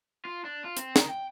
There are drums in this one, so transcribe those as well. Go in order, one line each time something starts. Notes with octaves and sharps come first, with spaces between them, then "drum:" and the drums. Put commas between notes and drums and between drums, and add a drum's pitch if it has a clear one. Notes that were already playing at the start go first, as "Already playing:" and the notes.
F4
D4
F4
C4, drum: hi-hat
D#3, drum: snare
G5